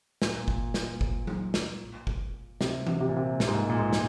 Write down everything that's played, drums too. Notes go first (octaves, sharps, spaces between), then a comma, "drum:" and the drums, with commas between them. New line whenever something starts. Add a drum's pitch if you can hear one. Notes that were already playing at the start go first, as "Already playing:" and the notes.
A#2, drum: snare
drum: kick G1
drum: snare
drum: kick G1
drum: tom F#3
drum: snare
drum: kick G1
C3, drum: snare
drum: tom E3
C3
A#2
C3
A#2, drum: snare
G#2
A#2
A#2
G#2
drum: snare